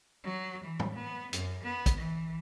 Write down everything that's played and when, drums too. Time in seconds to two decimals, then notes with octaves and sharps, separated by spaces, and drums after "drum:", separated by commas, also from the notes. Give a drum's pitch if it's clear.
0.24 F#3
0.64 E3
0.80 drum: tom
0.95 B3
1.33 F#2, drum: hi-hat
1.64 B3
1.86 drum: kick, hi-hat
1.97 E3